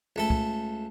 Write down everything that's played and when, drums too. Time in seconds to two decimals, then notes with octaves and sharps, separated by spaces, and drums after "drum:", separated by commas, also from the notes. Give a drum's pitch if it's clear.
0.16 C#2 A3 A4
0.30 drum: kick